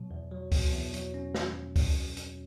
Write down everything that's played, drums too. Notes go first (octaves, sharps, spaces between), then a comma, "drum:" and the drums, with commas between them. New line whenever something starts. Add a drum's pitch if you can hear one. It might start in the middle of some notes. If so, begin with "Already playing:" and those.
Already playing: B2 F#3
E2
F#3
B2, drum: kick C#2, open hi-hat
E2
F#3, drum: hi-hat
C#4
drum: snare
drum: kick C#2, open hi-hat
drum: hi-hat